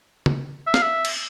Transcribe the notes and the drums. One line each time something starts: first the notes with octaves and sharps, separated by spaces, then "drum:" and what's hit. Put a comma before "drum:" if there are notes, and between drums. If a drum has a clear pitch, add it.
drum: tom C#3
E5
F5, drum: snare
E5
drum: cymbal